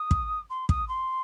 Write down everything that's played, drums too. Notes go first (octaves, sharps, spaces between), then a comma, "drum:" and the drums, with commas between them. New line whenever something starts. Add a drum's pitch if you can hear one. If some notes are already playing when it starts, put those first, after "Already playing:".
Already playing: D#6
drum: kick
C6
D#6, drum: kick
C6